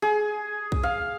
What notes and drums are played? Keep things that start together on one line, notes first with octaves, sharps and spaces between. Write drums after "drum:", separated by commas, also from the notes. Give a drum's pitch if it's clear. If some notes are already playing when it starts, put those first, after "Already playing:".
G#4
drum: kick A#1
F5